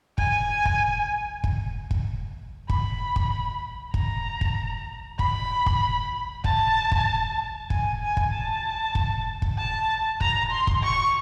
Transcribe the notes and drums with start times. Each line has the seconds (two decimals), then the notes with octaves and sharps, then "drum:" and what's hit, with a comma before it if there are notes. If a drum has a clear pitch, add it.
0.18 G#5, drum: kick
0.65 drum: kick
1.44 drum: kick
1.91 drum: kick
2.69 B5, drum: kick
3.16 drum: kick
3.94 A#5, drum: kick
4.41 drum: kick
5.19 B5, drum: kick
5.66 drum: kick
6.44 A5, drum: kick
6.92 drum: kick
7.70 G#5, drum: kick
8.02 G#5
8.17 drum: kick
8.33 A5
8.95 drum: kick
9.42 drum: kick
9.58 A5
10.21 A#5, drum: kick
10.51 C6
10.67 drum: kick
10.83 C#6